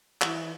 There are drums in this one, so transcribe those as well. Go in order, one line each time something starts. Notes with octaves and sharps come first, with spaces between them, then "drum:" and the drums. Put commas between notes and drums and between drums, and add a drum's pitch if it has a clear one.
E3, drum: clap